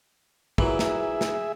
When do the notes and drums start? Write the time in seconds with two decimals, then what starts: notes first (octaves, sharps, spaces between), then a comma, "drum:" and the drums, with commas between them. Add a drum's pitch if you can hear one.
0.58 A#2 E3 F#3 G#4 E5, drum: kick
0.79 drum: snare
1.21 drum: snare